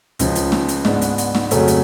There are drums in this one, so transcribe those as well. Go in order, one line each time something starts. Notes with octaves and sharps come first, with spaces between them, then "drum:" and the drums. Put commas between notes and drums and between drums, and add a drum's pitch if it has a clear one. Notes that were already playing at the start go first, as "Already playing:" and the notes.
C#2 C#3 F3, drum: hi-hat
drum: hi-hat
drum: snare
drum: hi-hat
G#2 G#3 B3 D4, drum: snare
drum: hi-hat
drum: hi-hat
drum: snare
F2 C#3 F#3 A3 C#4, drum: hi-hat
drum: hi-hat